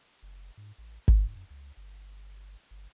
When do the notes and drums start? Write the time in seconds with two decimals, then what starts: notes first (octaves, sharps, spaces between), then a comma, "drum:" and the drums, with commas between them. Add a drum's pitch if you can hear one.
0.23 F#1
0.57 G#2
0.78 A1
1.08 G#2, drum: kick G1
1.35 F#2
1.50 C#2
1.77 G1
2.71 G1